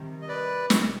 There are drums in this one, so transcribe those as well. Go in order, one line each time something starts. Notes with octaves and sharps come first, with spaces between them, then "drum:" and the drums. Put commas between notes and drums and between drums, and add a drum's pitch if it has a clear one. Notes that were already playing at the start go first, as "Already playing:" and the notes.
Already playing: C3 D#3 G3
D#5
B4 D5
B2, drum: snare